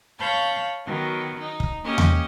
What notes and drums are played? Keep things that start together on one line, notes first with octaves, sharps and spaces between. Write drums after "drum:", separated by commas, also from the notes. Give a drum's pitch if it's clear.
C#5 F5 A5 B5 G6
D#3 F#3 B3
D#4
drum: kick
A#3 C#4 G4 D#5
drum: tom E2